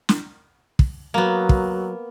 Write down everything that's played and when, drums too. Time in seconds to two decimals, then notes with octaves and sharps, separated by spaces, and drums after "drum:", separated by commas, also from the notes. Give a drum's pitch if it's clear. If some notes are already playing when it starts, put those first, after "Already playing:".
0.09 drum: snare
0.79 drum: kick
1.14 F#3 A#3 B3
1.49 drum: kick